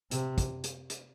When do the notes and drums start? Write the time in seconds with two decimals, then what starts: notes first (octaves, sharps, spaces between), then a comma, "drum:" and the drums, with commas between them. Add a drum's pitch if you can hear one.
0.11 C3, drum: hi-hat
0.38 drum: kick, hi-hat
0.64 drum: hi-hat
0.90 drum: hi-hat